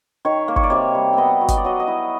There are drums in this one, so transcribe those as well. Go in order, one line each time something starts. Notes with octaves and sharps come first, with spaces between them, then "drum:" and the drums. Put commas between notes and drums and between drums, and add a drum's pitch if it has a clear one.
D#3 C#5
A#3
C#5, drum: kick G1
D5
C3 C#5
G3
B3 D#5 E5
F#3
D#5, drum: kick G1, hi-hat
D5
F#3 D#5
D#5
E4